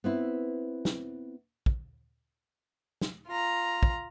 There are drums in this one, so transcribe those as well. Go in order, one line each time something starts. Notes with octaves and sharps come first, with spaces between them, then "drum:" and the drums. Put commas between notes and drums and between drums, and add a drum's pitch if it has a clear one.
B3 C4 E4
drum: snare
drum: kick
drum: snare
F4 A#5
drum: kick